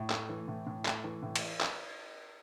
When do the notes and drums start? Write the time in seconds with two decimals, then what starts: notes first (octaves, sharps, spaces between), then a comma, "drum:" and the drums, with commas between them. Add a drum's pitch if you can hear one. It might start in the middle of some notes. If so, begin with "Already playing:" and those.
Already playing: A2
0.10 A3, drum: clap
0.29 E3
0.48 A2
0.67 A2
0.85 A3, drum: clap
1.04 E3
1.23 A2
1.36 drum: cymbal
1.61 drum: clap